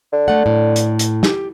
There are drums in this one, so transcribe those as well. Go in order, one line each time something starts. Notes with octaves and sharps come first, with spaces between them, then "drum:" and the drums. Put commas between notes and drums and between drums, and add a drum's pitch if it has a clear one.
D3
A3 F#5
A2
drum: hi-hat
drum: hi-hat
G4, drum: snare